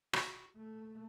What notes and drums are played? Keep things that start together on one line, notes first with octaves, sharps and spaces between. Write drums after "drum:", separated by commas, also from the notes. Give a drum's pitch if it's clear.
F#4, drum: rim click
A3